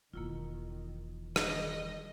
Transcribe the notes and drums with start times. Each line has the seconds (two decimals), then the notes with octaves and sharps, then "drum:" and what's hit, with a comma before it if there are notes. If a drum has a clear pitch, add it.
0.14 E1 E2 D#3 A#3 E4 F4
1.36 D#3 G3 D#5 A5 A#6, drum: rim click